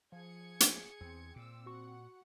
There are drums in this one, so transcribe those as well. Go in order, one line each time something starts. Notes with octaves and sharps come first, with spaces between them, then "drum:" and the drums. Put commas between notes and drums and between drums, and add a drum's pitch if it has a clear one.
F3 G#4 G#6 C#7
drum: hi-hat
E2 C4
A#2 D6 E6
F#4 F#5 C#6